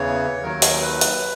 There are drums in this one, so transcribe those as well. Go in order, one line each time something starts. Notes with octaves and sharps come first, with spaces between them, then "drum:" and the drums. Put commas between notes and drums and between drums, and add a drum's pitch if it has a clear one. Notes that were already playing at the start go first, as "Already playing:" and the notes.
Already playing: E2 C#3 E3 C#5
D#2 D#3 F#3 A#4
drum: hi-hat
B4
drum: hi-hat